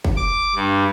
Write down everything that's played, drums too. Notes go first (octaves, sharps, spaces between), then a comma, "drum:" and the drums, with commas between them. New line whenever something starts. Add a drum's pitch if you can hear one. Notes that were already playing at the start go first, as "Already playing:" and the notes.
drum: kick
D6
G2